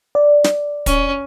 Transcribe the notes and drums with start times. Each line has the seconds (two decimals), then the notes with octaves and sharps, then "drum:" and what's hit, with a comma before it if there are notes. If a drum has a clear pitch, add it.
0.15 D5
0.44 drum: snare
0.86 C#4, drum: kick, hi-hat